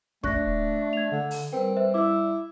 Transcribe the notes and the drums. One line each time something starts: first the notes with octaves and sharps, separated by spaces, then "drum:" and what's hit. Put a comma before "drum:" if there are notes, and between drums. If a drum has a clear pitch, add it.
A3 D4 C#6 F#6 A#6, drum: kick
G#6 F7
D3
drum: open hi-hat
G3 C4 A#4 B4 G5
B4 C5 E5
E4 D6 E6